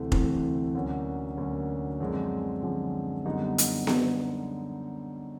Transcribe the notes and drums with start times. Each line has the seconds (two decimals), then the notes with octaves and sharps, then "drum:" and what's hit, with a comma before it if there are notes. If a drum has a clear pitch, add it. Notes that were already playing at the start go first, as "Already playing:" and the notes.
Already playing: D2 C3 E3 A3 C4
0.12 D2 C3 E3 A3 C4, drum: kick F1
0.75 D2 D3 F#3 A#3 C#4
1.37 D2 D3 F#3 A#3 C#4
2.00 F#2 D3 F3 G#3 C4
2.63 F#2 D3 F3 G#3 C4
3.25 F#2 D3 G3 B3 D#4
3.58 drum: hi-hat
3.87 drum: snare B3